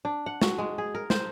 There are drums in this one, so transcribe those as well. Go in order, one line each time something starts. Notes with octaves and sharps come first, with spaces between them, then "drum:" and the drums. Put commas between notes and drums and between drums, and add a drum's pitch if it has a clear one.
D4
F#5
F#4, drum: snare
G#3
G#4
A#4
C5, drum: snare